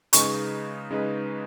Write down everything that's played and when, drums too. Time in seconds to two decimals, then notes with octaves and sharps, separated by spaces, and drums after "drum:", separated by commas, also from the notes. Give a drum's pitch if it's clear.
0.13 C#3 G#3 D#4 G#4 B4 C#6, drum: hi-hat
0.90 C#3 G#3 D#4 G#4 B4